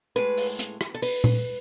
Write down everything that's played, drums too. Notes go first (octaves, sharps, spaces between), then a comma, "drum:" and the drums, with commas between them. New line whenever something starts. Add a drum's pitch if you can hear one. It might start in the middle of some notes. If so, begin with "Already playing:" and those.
A2 G#3 B4
drum: open hi-hat
drum: hi-hat
drum: rim click
A4
B4, drum: open hi-hat
drum: tom A#2